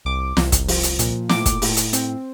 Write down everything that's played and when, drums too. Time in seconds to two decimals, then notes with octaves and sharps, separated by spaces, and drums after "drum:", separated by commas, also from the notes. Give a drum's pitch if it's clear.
0.05 C2 D6
0.37 C2, drum: snare
0.52 drum: kick, hi-hat
0.68 F3, drum: open hi-hat
0.83 drum: hi-hat
0.99 A#2, drum: hi-hat
1.29 A2 D6, drum: snare
1.46 drum: kick, hi-hat
1.62 A2, drum: open hi-hat
1.77 drum: hi-hat
1.93 C4, drum: hi-hat